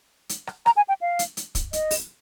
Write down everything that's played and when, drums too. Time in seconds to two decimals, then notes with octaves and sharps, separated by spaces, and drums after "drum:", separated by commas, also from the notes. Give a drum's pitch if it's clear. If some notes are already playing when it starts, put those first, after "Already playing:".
0.29 drum: hi-hat
0.47 drum: rim click
0.66 A#5, drum: rim click
0.77 G#5
0.89 G5
1.01 F5
1.19 drum: hi-hat
1.37 drum: hi-hat
1.55 drum: kick, hi-hat
1.73 D#5, drum: hi-hat
1.91 drum: open hi-hat